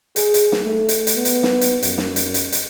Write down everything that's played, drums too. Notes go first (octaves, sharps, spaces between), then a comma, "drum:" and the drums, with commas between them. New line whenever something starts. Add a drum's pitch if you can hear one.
G#4, drum: hi-hat
drum: hi-hat
drum: snare
A3
drum: hi-hat
drum: hi-hat
B3
drum: hi-hat
drum: snare
drum: hi-hat
F#2, drum: hi-hat
drum: snare
drum: hi-hat
drum: hi-hat
drum: hi-hat